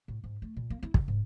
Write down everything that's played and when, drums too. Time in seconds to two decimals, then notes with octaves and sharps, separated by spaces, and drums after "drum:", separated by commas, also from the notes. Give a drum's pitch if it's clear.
0.08 A2
0.24 G#2
0.42 A3
0.57 A#2
0.70 A#3
0.83 E4
0.94 C#3, drum: kick
1.08 G#2